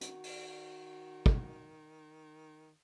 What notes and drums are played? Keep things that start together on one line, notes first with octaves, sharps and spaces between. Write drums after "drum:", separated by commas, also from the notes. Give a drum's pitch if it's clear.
D#3 F#4, drum: hi-hat
drum: open hi-hat
drum: kick